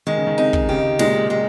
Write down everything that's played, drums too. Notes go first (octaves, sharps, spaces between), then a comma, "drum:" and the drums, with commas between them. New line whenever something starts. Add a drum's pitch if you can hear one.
D#3 G#3
C#3
D#3
C3 D#4
drum: kick
C#3 G4
A#2 G#3, drum: snare
G#3